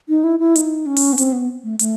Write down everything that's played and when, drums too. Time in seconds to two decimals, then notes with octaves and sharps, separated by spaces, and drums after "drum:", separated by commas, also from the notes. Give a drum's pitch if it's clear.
0.09 D#4
0.24 E4
0.39 E4
0.56 D#4, drum: hi-hat
0.86 C#4
0.96 drum: open hi-hat
1.13 B3
1.18 C4, drum: hi-hat
1.33 B3
1.64 A3
1.79 A3, drum: hi-hat